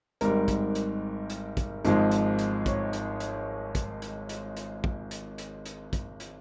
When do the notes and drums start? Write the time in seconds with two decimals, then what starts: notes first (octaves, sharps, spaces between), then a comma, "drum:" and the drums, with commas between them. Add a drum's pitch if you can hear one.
0.21 G#1 G#2 G3 A#4, drum: hi-hat
0.48 drum: kick, hi-hat
0.75 drum: hi-hat
1.30 drum: hi-hat
1.57 drum: kick, hi-hat
1.85 G#1 G#2 F3 G#3, drum: hi-hat
2.11 drum: hi-hat
2.39 drum: hi-hat
2.66 C#5, drum: kick, hi-hat
2.93 drum: hi-hat
3.20 drum: hi-hat
3.75 drum: kick, hi-hat
4.02 drum: hi-hat
4.29 drum: hi-hat
4.57 drum: hi-hat
4.84 drum: kick
5.11 drum: hi-hat
5.38 drum: hi-hat
5.66 drum: hi-hat
5.93 drum: kick, hi-hat
6.20 drum: hi-hat